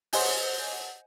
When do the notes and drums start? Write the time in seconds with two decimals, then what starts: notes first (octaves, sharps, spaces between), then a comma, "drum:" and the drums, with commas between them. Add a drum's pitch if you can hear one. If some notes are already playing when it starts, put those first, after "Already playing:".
0.13 C5 C#5 D#5 F#5 G#5 G6, drum: open hi-hat